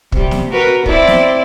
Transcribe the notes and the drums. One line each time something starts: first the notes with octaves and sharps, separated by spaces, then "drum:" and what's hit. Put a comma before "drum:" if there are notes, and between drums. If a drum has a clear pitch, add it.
C3 G3, drum: kick
drum: snare
F#4 A#4 B4
C4 E4 D5, drum: kick
drum: snare